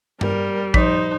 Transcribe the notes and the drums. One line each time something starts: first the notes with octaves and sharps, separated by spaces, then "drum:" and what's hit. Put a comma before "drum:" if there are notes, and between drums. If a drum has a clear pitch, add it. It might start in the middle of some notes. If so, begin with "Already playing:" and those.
G3 A#4, drum: tom G2
F3 D#4 C5, drum: kick